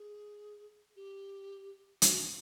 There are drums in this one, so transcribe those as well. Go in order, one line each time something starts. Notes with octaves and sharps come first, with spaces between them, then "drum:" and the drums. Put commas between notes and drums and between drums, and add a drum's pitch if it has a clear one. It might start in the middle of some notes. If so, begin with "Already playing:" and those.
Already playing: G#4
G4
F#4, drum: hi-hat